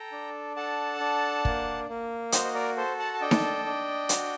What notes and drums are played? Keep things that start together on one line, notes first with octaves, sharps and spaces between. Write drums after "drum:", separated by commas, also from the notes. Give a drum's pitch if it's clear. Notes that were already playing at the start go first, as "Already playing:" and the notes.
Already playing: A4 G5 A#5
D4
A4 F#5 A5
D4
A#3, drum: kick
A#3
F#4 C5 D#5, drum: hi-hat
D#5
A#4 D5
A4 C5
F#5 A5
A5
D4 D#5 G5
drum: snare D#4
D4
F#4, drum: hi-hat